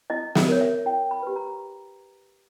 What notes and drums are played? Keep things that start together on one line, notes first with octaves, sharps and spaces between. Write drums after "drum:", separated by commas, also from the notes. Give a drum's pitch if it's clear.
E4 D#5
E5, drum: snare
A#4 C#5
E5
E4 G5
B5
G4 B4
A#5